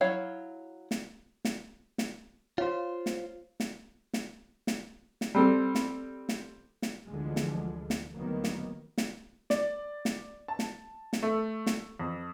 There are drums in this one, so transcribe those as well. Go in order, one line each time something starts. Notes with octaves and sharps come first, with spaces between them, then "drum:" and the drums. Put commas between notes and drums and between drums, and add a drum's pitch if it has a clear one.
F#3 E4 C#5 F5
drum: snare
drum: snare
drum: snare
F4 C5 C#5 F5
drum: snare
drum: snare
drum: snare
drum: snare
drum: snare
G3 C4 A4
drum: snare
drum: snare
drum: snare
D2 D3 E3 F3 G#3
drum: snare
drum: snare
D2 D#3 F#3 A#3 B3
drum: snare
drum: snare
D5, drum: snare
drum: snare
A5
drum: snare
drum: snare
A3
drum: snare
F2